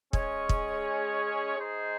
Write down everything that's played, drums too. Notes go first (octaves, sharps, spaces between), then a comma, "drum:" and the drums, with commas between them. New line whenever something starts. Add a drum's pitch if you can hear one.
G#3 C#4 G#4 C#5, drum: kick
drum: kick
G#3 D#4 G#4 C5